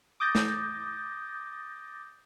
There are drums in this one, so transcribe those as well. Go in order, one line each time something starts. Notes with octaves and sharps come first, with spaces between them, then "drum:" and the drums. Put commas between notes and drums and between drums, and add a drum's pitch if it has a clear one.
D6 D#6 G6 A6 A#6
drum: snare